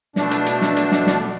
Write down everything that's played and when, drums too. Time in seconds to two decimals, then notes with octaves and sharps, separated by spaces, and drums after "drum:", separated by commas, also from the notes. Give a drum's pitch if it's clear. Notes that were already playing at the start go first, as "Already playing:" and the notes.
0.16 B2 A3 D4, drum: snare
0.31 drum: hi-hat
0.46 drum: hi-hat
0.61 drum: snare
0.77 drum: hi-hat
0.92 drum: snare
1.07 drum: snare